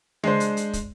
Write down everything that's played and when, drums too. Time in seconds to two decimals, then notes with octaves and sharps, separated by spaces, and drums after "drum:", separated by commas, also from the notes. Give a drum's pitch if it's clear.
0.24 G#3 D4 C5, drum: tom C#3
0.40 drum: hi-hat
0.57 drum: hi-hat
0.73 drum: kick, hi-hat